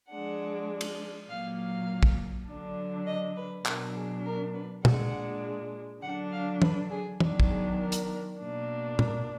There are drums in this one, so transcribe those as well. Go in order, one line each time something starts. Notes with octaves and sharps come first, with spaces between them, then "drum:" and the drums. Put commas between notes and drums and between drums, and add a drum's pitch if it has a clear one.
F3 G#3 D4 F#5
drum: cymbal
A#2 F#3 A#3 F5
F5
drum: kick
D3 F#3 D4
D#5
B4
B2 F#3 D4 A#4, drum: clap
G#4
A#4
B4
A#2 G#3 D4 F#5, drum: tom
D3 F#3 D4 F#5
F5
B4, drum: tom
G#4
D#3 F#3 B3 D4 F#4, drum: tom
drum: kick
G#4
A#4
drum: hi-hat
B2 A#3 D4
A#4, drum: tom